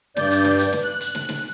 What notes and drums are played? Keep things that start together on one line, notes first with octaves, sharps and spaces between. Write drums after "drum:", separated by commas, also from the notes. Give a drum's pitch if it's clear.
G2 D5 G6, drum: snare
drum: hi-hat
drum: snare
drum: hi-hat
drum: snare
F#6
drum: hi-hat
drum: snare
drum: snare